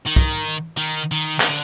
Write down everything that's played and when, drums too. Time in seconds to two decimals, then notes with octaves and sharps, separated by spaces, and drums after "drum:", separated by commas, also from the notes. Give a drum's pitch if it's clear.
0.06 D#3
0.16 drum: kick
0.77 D#3
1.12 D#3
1.40 D#3, drum: clap
1.48 D3